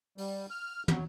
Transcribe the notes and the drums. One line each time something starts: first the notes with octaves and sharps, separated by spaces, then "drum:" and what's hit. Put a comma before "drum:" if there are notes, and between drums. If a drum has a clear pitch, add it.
G3, drum: open hi-hat
F6
F#3, drum: tom